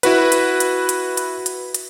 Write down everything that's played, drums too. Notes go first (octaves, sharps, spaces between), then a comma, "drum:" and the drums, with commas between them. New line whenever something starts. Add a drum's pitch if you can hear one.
E4 F#4 B4, drum: hi-hat
drum: hi-hat
drum: hi-hat
drum: hi-hat
drum: hi-hat
drum: hi-hat
drum: hi-hat